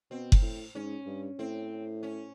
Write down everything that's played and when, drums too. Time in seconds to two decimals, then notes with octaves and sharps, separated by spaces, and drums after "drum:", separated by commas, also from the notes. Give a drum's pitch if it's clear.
0.11 B2 C4
0.32 drum: kick F#1
0.42 A2
0.75 G#2 C#4
1.06 G2
1.39 A2 C4
2.03 C#4